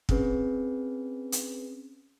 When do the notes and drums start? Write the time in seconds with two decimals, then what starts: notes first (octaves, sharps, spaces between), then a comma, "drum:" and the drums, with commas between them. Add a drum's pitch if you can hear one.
0.09 C4 C#4 G#4 B4, drum: kick
1.32 drum: hi-hat